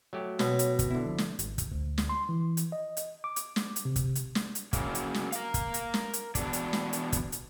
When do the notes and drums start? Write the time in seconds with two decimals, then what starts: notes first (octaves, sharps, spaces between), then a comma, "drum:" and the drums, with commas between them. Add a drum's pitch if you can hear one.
0.13 F#3 A3 G4
0.39 B2 C#5, drum: snare
0.59 drum: hi-hat
0.79 drum: kick, hi-hat
0.91 D3 B3 E4
1.05 F3
1.18 drum: snare
1.39 G#1, drum: hi-hat
1.58 drum: kick, hi-hat
1.72 D2
1.98 drum: snare
2.09 C6
2.29 E3
2.57 drum: hi-hat
2.72 D#5
2.97 drum: hi-hat
3.24 D6
3.36 drum: hi-hat
3.56 drum: snare
3.76 drum: hi-hat
3.85 C3
3.96 drum: kick, hi-hat
4.15 drum: hi-hat
4.35 drum: snare
4.55 drum: hi-hat
4.73 C#3 F#3 A#3, drum: kick, hi-hat
4.95 drum: hi-hat
5.14 drum: snare
5.32 A#4 F5, drum: hi-hat
5.54 drum: kick, hi-hat
5.74 drum: hi-hat
5.94 drum: snare
6.13 drum: hi-hat
6.35 E2 B2 D4, drum: kick, hi-hat
6.53 drum: hi-hat
6.73 drum: snare
6.93 drum: hi-hat
7.12 drum: kick, hi-hat
7.32 drum: hi-hat